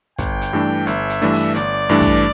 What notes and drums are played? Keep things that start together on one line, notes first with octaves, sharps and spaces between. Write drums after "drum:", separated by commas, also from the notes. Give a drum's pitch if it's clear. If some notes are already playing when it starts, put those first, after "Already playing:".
G1 G5, drum: kick, hi-hat
drum: hi-hat
G2 E3 A3 D4
G1 E5, drum: hi-hat
drum: hi-hat
G2 E3 A3 D4
drum: open hi-hat
G1 D5, drum: hi-hat
G2 E3 A3 D4
drum: kick, hi-hat